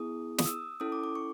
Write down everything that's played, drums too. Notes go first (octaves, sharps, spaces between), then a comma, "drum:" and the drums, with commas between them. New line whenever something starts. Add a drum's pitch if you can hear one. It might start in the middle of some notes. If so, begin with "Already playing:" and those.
Already playing: B3 E4 G#4 D#6
D#6, drum: snare
E6
C#4 E4 A4 D#6
D6
D6
C#6